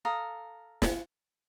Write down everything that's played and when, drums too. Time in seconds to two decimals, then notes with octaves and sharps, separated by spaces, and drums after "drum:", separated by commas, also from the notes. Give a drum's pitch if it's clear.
0.05 A4 F5 A#5 D#6
0.82 drum: snare